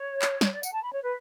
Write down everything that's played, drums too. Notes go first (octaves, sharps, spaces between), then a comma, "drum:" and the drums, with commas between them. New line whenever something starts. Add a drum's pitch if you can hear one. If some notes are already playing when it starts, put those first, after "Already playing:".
Already playing: C#5
drum: clap
drum: snare
D5
F#5, drum: tambourine
A5
B5
C#5
B4